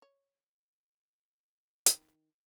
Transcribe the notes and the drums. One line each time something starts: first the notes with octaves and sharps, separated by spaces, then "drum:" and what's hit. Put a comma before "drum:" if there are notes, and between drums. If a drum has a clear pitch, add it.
C#5
D#3, drum: hi-hat